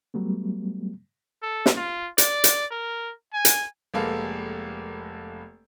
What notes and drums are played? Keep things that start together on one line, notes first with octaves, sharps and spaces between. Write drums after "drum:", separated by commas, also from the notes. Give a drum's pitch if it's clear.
F#3 G3 A3 B3
A4
drum: snare
F4
D5, drum: hi-hat
drum: hi-hat
A#4
G#5
drum: hi-hat
F1 G#3 A#3 A4 B4 F5